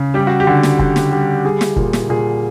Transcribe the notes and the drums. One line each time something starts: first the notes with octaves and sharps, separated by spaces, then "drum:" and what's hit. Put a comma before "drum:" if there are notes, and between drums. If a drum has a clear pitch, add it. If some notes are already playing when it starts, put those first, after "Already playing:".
Already playing: C#3
G3 G4
F#4
G4
D3
drum: snare
D3, drum: kick
drum: snare
G3
G3 G#4
drum: snare
A#2, drum: kick
drum: snare
A#2 G#4